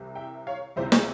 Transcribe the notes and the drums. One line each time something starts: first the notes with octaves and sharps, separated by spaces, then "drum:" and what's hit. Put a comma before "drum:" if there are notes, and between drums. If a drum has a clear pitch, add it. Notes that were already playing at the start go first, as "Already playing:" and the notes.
Already playing: C2 C3 E3
E5 G5
C#5 F5
C#2 C3 E3 G3 C5 E5
G#4 C5, drum: snare